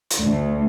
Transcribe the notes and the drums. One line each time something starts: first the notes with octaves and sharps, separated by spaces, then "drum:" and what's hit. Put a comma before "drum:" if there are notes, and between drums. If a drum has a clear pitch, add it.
drum: hi-hat
D2